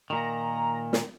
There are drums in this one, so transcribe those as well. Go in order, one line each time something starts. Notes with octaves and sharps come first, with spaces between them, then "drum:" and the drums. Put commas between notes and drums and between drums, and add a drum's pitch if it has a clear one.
A#2 D#3 A#5
drum: snare